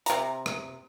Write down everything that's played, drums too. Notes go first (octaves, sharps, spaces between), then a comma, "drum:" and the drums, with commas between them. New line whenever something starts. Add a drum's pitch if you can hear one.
C3 A#5, drum: hi-hat
drum: rim click